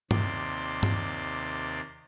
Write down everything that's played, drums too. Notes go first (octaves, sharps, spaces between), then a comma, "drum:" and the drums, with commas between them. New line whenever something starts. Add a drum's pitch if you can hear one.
D#2 C3 D5 C6, drum: tom G2
drum: tom G2